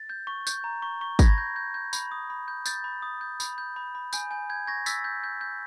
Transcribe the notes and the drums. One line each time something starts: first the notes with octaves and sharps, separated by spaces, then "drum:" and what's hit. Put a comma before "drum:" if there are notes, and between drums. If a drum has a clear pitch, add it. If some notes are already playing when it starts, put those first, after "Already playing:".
Already playing: A6
G6
C#6
G6, drum: tambourine
A#5
C#6
C#6
B5 G#6 A#6, drum: kick, tambourine
G6
G6
G6
B5, drum: tambourine
D#6
B5
G6
G6 A6, drum: tambourine
B5
D#6
G6
B5, drum: tambourine
G6
B5
B5
G#5 G6, drum: tambourine
G#5 G6
G6 G#6
C#6 G#6 A#6
E6 A6 B6, drum: tambourine
G6
G6
G6